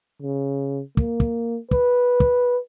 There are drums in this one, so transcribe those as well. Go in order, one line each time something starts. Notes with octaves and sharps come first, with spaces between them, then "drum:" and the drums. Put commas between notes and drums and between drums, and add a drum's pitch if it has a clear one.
C#3
A#3, drum: kick
drum: kick
B4, drum: kick
drum: kick